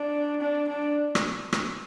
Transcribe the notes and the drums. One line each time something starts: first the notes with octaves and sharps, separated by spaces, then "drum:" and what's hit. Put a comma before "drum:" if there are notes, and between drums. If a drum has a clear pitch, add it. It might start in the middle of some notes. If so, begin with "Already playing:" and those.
Already playing: D4
D4
D4
drum: rim click
drum: rim click